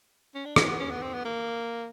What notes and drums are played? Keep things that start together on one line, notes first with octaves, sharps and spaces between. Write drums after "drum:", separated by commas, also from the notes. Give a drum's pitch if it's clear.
C#4
D4
C#4, drum: rim click
B3
C#4
B3
C4
B3
A#3